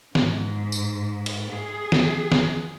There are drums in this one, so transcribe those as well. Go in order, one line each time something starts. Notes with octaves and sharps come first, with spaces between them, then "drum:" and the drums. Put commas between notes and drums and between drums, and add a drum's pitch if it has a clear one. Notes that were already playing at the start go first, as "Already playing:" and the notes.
G#2, drum: snare
drum: tambourine
drum: cymbal
G#4
drum: snare
drum: snare